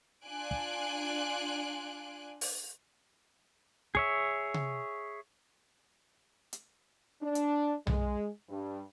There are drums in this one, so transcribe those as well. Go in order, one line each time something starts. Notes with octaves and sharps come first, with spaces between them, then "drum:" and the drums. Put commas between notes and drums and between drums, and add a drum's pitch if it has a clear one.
D4 F4 G#5 F#6 D7
drum: kick
drum: open hi-hat
G#4 C#5 E5, drum: kick
drum: tom C3
drum: hi-hat
D4
drum: hi-hat
G#3, drum: tom B1
G2